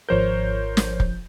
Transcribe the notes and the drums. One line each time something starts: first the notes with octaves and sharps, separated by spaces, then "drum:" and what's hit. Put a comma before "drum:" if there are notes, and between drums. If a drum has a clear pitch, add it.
G#1 F3 A#4 C5 C#5 G6
drum: snare
drum: kick